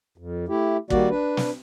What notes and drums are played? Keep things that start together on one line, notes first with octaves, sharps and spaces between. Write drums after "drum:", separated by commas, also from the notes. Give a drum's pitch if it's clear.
F2
A3 E4 G4
D#3 G3 A#3 F#4 D5, drum: kick
D4 B4
drum: snare